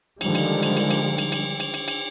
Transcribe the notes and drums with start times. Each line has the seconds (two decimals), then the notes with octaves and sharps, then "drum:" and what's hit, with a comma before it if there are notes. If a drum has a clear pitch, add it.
0.21 D3 D#3 F3 G3 G#3, drum: cymbal
0.35 drum: cymbal
0.63 drum: cymbal
0.77 drum: cymbal
0.90 drum: cymbal
1.18 drum: cymbal
1.32 drum: cymbal
1.60 drum: cymbal
1.74 drum: cymbal
1.88 drum: cymbal